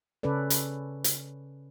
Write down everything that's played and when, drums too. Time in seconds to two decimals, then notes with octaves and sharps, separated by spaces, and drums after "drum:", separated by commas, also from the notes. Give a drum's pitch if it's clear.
0.23 C#3 C#4 A4 B4 D5
0.50 drum: hi-hat
1.04 drum: hi-hat